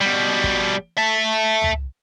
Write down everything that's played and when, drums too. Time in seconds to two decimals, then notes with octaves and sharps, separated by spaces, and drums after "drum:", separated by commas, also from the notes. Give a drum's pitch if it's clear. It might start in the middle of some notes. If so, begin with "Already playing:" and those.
0.01 B2 G3
0.44 drum: kick
0.98 E5 A5
1.62 drum: tom